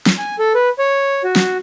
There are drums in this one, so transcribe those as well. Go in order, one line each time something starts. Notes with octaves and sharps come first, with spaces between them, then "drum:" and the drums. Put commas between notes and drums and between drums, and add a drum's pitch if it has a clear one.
drum: snare
G#5
A4
B4
C#5
F#4
drum: snare